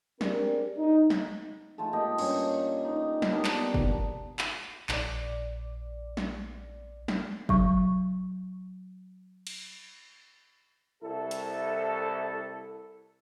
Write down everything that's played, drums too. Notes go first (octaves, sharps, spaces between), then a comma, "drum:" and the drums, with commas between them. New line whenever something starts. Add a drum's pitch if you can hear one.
C4 D4 G4 G#4 A#4 D5, drum: snare
D#4
drum: snare
G#3 A3 F4 A4
A#3 G4 D#5
G2 C#4, drum: cymbal
D#4
drum: snare
G3 A#3 B3 D4
drum: clap
drum: kick F#1
drum: clap
A#1 D5, drum: clap
drum: snare
drum: snare
F#3 C#6, drum: kick F#1
drum: cymbal
C2 E4 A4
drum: hi-hat